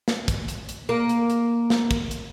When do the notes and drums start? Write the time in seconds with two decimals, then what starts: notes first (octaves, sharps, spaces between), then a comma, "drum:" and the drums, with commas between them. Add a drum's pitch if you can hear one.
0.08 drum: snare
0.28 drum: kick, hi-hat
0.48 drum: hi-hat
0.69 drum: hi-hat
0.89 A#3
1.09 drum: hi-hat
1.30 drum: hi-hat
1.70 drum: snare
1.91 drum: kick, hi-hat
2.11 drum: hi-hat